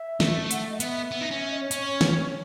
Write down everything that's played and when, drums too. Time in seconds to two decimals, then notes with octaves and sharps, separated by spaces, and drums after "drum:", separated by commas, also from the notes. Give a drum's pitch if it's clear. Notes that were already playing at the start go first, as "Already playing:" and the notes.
Already playing: E5
0.20 A3, drum: snare
0.51 F#5, drum: hi-hat
0.60 E5
0.70 D#5
0.80 B3 E5, drum: hi-hat
1.11 B3
1.21 D#4
1.31 C#4
1.41 E5
1.51 D#5
1.61 C#5
1.71 C#4, drum: hi-hat
2.01 drum: snare